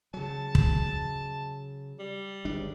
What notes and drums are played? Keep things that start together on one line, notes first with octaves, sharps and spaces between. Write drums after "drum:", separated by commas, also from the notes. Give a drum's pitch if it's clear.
C#3 F#3 A5
drum: kick
G3
G1 G#3 D4